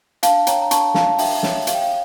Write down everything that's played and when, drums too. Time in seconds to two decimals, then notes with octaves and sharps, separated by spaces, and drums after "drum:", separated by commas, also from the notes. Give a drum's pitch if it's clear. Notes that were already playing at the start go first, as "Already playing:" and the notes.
0.23 D4 F5 A5, drum: hi-hat
0.47 C#5 G5 A#5, drum: hi-hat
0.62 A#5
0.71 D4 A5 C#6, drum: hi-hat
0.94 F4 F5 A5, drum: snare
1.18 D4 E5 G5, drum: open hi-hat
1.43 C#5 E5, drum: snare
1.67 G4 F5, drum: hi-hat
1.75 G5
1.82 F5